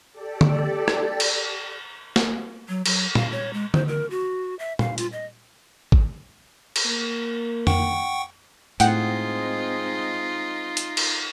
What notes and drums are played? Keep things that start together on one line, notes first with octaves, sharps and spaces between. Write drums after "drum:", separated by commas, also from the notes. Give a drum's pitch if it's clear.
G4 A4 D5
drum: tom D3
drum: rim click
drum: cymbal
drum: snare
F#3
F#3, drum: cymbal
F5, drum: tom A#2
C#5
G#3
C5, drum: tom D3
A#4
F#4
E5
F5, drum: tom A#2
F4, drum: hi-hat
D#5
drum: kick
drum: cymbal
A#3
F#5 G5 C#6, drum: tom F2
A2 G#3 C4 D#4 F4 F#5 G5, drum: hi-hat
drum: hi-hat
drum: cymbal